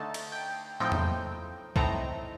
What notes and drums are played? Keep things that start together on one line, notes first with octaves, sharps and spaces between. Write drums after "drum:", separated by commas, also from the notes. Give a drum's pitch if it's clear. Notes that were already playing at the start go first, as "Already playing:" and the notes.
Already playing: D3 A3 D#4 A5
drum: cymbal
G5
A2 F3 C4 D#4 G5
drum: tom E2
A2 A3 C4 D#4 A#5, drum: kick C2